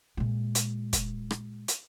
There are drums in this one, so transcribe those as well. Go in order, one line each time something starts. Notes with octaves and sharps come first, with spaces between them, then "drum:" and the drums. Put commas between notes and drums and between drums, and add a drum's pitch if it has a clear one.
A#2 G#3
drum: hi-hat
drum: kick, hi-hat
drum: rim click
drum: hi-hat